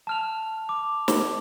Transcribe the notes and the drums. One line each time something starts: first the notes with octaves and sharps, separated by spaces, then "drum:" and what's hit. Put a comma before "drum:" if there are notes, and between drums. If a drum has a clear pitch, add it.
A5 F6 F7
D6
drum: snare